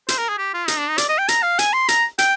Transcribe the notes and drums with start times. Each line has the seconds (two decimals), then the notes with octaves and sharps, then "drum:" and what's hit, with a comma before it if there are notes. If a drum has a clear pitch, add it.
0.08 C5, drum: hi-hat
0.18 A#4
0.29 G#4
0.38 G4
0.54 F4
0.68 D#4, drum: hi-hat
0.78 D4
0.89 D#4
0.98 D5, drum: hi-hat
1.09 D#5
1.18 G5
1.28 A#5, drum: hi-hat
1.43 F5
1.59 G#5, drum: hi-hat
1.73 C6
1.88 A#5, drum: hi-hat
2.18 G5, drum: hi-hat